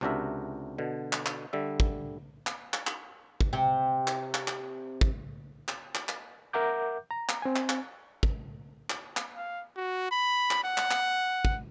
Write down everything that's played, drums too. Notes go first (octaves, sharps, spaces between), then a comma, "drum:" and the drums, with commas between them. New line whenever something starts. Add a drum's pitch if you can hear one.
C#2 C3 D4 F#4 A#4 E5
B2 D3
drum: clap
drum: clap
D3 G3 E5
drum: kick
drum: clap
drum: clap
drum: clap
drum: kick
C3 C4
drum: clap
drum: clap
drum: clap
drum: kick
drum: clap
drum: clap
drum: clap
A#4 E5 F#5 A#5 D6 G6
A#5
drum: clap
C4 G#5
drum: clap
drum: clap
drum: kick
drum: clap
drum: clap
F5
F#4
B5
drum: clap
F#5
drum: clap
drum: clap
drum: kick